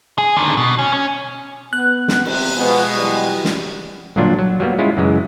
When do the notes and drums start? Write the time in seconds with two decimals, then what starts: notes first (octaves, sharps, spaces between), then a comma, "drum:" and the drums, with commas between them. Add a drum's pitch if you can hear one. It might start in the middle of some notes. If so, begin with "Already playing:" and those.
0.18 G#4
0.36 D3 D#3
0.57 B2
0.79 C#4
0.93 C#4
1.73 B3 F#6
2.08 drum: snare
2.25 C3, drum: cymbal
2.56 B2 F3 G#3 B3
2.95 E3 F#3 G3
3.45 drum: snare
4.16 G1 G2 A#2 F#3 D4 F4
4.39 F#3
4.60 F#3 G3 A#3 B3
4.79 G#3 C#4 E4 F4
4.97 F#2 C#3 E3 G#3